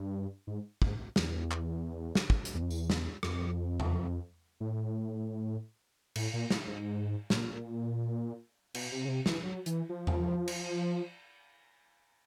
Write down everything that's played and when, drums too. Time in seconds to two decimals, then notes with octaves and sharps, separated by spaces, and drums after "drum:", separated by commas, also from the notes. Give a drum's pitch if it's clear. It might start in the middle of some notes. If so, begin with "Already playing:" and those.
Already playing: G2
0.47 G#2
0.82 G#2, drum: kick
1.16 E2, drum: snare
1.51 drum: clap
2.15 drum: snare
2.30 drum: kick
2.45 drum: hi-hat
2.54 E2
2.62 F2
2.70 E2, drum: tambourine
2.90 drum: snare
3.23 F2, drum: rim click
3.80 drum: tom E2
4.60 A2
6.16 A2, drum: cymbal
6.33 A#2
6.50 A2, drum: snare
6.67 G#2
7.30 A2, drum: snare
7.37 A#2
8.74 B2, drum: cymbal
8.92 C3
9.05 C#3
9.08 C3
9.26 E3, drum: snare
9.43 F#3
9.66 E3, drum: hi-hat
9.89 F3
10.07 drum: tom E2
10.48 drum: cymbal